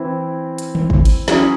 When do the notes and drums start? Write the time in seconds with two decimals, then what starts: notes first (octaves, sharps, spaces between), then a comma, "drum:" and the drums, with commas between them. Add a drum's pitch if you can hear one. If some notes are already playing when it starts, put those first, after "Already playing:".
Already playing: E3 C4 E4
0.58 drum: hi-hat
0.75 drum: tom D3
0.90 drum: kick
1.05 drum: cymbal
1.28 F#3 C#4 E4 G#4, drum: snare